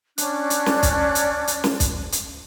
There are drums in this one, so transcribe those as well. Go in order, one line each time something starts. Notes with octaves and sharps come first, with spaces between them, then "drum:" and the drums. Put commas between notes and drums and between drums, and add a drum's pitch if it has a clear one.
C#4 D4 D5 F#6, drum: hi-hat
drum: hi-hat
drum: snare
drum: kick, hi-hat
drum: hi-hat
drum: hi-hat
drum: snare
drum: kick, hi-hat
drum: hi-hat